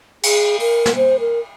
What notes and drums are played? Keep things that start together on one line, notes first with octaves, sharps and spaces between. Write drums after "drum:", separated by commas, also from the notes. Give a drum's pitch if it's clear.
G#4, drum: cymbal
A#4, drum: open hi-hat
drum: snare
C5
A#4